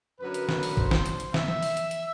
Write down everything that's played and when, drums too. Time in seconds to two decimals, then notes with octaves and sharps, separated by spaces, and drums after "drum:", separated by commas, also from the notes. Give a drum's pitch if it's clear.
0.20 F#2 D3 F#3 B4
0.34 drum: hi-hat
0.49 drum: snare
0.63 drum: open hi-hat
0.77 C5, drum: kick G#1
0.91 drum: snare
1.06 drum: hi-hat
1.20 drum: hi-hat
1.34 E5, drum: snare
1.48 drum: tom E3
1.63 drum: open hi-hat
1.77 drum: hi-hat
1.91 drum: hi-hat